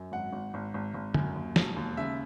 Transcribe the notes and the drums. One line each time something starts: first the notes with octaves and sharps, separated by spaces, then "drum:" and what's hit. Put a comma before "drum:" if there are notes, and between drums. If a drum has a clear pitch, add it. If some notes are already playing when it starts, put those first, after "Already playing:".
Already playing: F#2
G#1 F#5
G#1
G#1
G#1
G#1
F#2, drum: tom D3
D#2
E1, drum: snare
D#2
C#3 E5